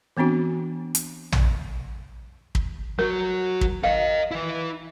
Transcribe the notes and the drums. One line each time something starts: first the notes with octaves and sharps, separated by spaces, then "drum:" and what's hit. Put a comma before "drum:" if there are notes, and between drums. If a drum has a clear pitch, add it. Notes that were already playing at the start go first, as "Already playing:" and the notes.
E3 B3 C4 D4 F#4
drum: hi-hat
drum: tom
drum: kick
F#3 F#4 A#4
drum: kick
A#4 D#5 F5
E4 B4